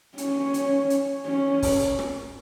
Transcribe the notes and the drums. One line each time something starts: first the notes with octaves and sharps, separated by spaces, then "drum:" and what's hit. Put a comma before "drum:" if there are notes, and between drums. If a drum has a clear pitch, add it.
C#4, drum: hi-hat
drum: hi-hat
drum: hi-hat
C#4
drum: kick, open hi-hat
drum: rim click